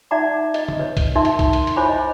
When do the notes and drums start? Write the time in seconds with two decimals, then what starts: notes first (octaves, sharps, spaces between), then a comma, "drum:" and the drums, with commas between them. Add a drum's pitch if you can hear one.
0.11 D#4 D5 E5 F#5 A#5 D6
0.54 D#5, drum: hi-hat
0.68 drum: tom
0.79 B4 C#5
0.97 drum: kick C2, hi-hat
1.15 D#4 A#4 E5 A5 C6
1.25 drum: hi-hat
1.39 drum: kick C2, hi-hat
1.53 drum: hi-hat
1.67 drum: hi-hat
1.77 E4 C5 C#5 G#5 B5 D6
1.89 D#5